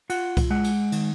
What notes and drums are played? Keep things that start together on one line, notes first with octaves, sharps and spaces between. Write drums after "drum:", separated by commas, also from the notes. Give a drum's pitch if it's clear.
F4 F#5, drum: cymbal
drum: kick C2, cymbal
G#3 F#5
drum: cymbal
D#3, drum: cymbal